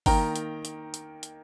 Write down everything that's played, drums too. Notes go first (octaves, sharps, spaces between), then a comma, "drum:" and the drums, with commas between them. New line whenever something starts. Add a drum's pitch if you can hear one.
D#3 A#3 G5 A#5, drum: kick G1, open hi-hat
drum: hi-hat
drum: hi-hat
drum: hi-hat
drum: hi-hat